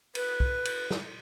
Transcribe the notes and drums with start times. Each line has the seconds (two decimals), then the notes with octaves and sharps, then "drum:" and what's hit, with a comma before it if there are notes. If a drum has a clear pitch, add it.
0.15 B4, drum: cymbal
0.40 drum: kick
0.65 drum: cymbal
0.91 drum: snare